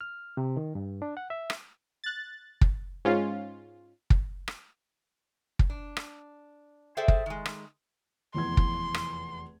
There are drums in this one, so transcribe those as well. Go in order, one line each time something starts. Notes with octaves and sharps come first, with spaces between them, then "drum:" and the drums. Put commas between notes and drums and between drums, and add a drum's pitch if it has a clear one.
F6
C3
D#3
G2
D4
F#5
E5
drum: rim click
F#6 A6
drum: kick
G#2 C#4 F4
drum: kick
drum: rim click
drum: kick
D4
drum: rim click
G#4 A4 C5 D5 E5 G5
drum: kick
D#3 G#3
drum: rim click
F1 E2 C6 G#6
drum: kick
drum: rim click